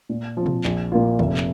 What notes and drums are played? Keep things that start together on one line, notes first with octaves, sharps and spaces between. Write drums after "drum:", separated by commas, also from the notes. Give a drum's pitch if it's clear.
A#2
F3 C4
drum: tom
A#1, drum: clap
A#2 A#3 F4
F1, drum: tom
drum: clap